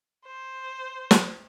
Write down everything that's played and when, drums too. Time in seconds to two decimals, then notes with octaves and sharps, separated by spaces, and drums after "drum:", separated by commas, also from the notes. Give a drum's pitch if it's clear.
0.26 C5
1.11 drum: snare